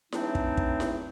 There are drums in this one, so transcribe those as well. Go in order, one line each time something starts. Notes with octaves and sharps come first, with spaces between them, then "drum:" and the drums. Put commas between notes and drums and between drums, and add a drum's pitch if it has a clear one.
E3 F#3 A3 C4 D4 D#4, drum: snare E4
drum: kick
drum: kick
drum: snare E4